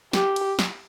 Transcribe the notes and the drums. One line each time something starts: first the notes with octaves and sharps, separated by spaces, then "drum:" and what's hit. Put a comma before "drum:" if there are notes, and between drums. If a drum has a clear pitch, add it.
G4, drum: snare
drum: cymbal
drum: snare